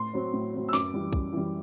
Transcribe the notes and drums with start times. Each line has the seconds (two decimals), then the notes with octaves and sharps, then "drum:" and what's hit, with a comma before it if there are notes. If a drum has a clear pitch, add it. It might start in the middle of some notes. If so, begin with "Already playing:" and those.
Already playing: A2 C6
0.14 F#3 C4
0.33 A2
0.53 F#3 C4
0.69 E6
0.73 F#2 D6, drum: snare
0.94 E3 G3
1.13 F#2, drum: kick
1.33 E3 G3